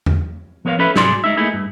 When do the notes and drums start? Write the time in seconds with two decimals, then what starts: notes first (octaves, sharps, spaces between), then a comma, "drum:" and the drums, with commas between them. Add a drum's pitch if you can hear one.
0.06 drum: tom E2
0.65 F3 B3 A#4 C#5 F5
0.79 C#4 A4 B4 C#5 E5
0.96 C2 G#2 F#3 G#4 D5 C6, drum: snare
1.24 G#3 D#4 E5
1.37 A3 A#3 D#4 E4 G#4
1.54 G2